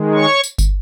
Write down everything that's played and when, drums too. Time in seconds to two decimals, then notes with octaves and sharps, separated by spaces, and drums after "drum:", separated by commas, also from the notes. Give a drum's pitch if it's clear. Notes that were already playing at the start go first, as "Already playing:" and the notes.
Already playing: D#3 G#3
0.14 C#5 C#6
0.44 drum: tambourine
0.58 drum: kick G1, tambourine